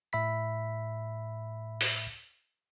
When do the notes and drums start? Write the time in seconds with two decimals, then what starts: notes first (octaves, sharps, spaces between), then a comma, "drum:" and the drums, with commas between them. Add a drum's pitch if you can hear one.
0.13 A2 E5 B5 B6
1.81 drum: open hi-hat